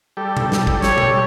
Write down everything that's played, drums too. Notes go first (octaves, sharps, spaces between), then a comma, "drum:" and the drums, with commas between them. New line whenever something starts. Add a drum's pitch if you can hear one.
G3 G4 A4
drum: tom B2
drum: snare
drum: kick
C#5, drum: snare
drum: tom B2